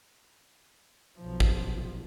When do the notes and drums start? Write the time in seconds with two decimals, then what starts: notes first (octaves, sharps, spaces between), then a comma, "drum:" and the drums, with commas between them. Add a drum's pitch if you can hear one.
1.18 B1 F3
1.40 drum: kick G#1